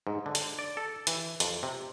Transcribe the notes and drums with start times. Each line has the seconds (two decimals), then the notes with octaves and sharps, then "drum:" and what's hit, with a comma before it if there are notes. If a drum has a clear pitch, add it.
0.07 G#2
0.26 D3
0.35 drum: hi-hat
0.59 D5
0.77 A4
1.07 E3, drum: hi-hat
1.40 F2, drum: hi-hat
1.63 C3